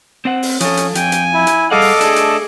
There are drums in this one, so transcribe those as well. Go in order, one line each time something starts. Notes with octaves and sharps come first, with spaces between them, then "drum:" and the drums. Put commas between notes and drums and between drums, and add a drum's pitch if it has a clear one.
C4 C5 F#5
drum: open hi-hat
F3 C#4 A4 D#6, drum: hi-hat
drum: hi-hat
F2 G5 G#5, drum: hi-hat
drum: hi-hat
E4
drum: hi-hat
G3 G#4 A4 D#5 F5 F#5 D6
drum: open hi-hat
A3 D4 G#4, drum: hi-hat
drum: hi-hat